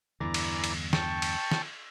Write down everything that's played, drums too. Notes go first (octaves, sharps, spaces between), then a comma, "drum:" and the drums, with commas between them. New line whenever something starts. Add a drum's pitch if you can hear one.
E2 G2 D3 E3 D5 A#5
drum: cymbal
drum: cymbal
G5 A5 C#6, drum: snare
drum: cymbal
drum: snare